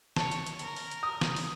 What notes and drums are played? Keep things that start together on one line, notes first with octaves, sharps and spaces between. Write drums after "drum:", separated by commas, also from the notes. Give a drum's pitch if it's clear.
C#5 A5, drum: snare
drum: hi-hat
drum: hi-hat
A#4, drum: hi-hat
drum: open hi-hat
drum: hi-hat
D#6
drum: snare
drum: open hi-hat